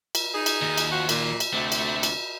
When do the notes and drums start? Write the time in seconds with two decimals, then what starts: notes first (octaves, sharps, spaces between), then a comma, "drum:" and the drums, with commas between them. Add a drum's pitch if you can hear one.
0.15 drum: cymbal
0.35 D#4 G#4
0.46 drum: cymbal
0.61 D#2
0.78 drum: cymbal
0.91 F3 F#4
1.09 A#2, drum: cymbal
1.40 drum: cymbal
1.53 D2 C3 A3
1.72 drum: cymbal
2.03 drum: cymbal